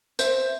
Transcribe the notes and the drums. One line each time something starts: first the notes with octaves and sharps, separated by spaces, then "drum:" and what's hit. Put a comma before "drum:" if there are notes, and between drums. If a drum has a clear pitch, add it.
C5 E5, drum: tambourine